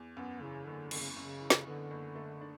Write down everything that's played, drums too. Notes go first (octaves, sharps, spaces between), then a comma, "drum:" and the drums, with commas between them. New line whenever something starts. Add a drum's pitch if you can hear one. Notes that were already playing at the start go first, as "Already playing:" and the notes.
Already playing: E2
F#2 B3
C#3 E3
F#1 D3
F#1 D3, drum: cymbal
C#3
F#2 C#3
E3
drum: snare
D3 B3
F#1
A3
D4